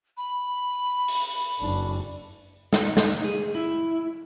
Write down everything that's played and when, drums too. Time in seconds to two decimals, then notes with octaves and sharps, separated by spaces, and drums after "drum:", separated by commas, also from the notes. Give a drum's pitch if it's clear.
0.17 B5
1.08 drum: open hi-hat
1.60 F#1 D4
2.73 D#4, drum: snare
2.97 drum: snare
3.24 G#4
3.55 E4